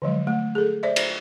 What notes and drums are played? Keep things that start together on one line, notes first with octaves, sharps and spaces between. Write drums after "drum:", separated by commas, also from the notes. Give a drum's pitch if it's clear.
D3 F3 F#3 G#3
A3
G#4 A4
C5 D5 E5
drum: cymbal